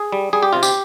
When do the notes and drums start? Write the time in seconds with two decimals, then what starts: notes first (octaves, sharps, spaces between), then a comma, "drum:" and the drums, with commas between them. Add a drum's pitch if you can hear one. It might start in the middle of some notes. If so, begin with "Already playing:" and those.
Already playing: G#4
0.12 G3
0.33 G3 G#4
0.43 G4
0.53 C3 F4
0.63 G4, drum: tambourine